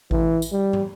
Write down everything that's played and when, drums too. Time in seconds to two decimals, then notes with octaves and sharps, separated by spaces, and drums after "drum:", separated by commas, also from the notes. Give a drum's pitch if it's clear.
0.11 E3, drum: kick G#1
0.42 drum: tambourine
0.52 G3
0.73 drum: tom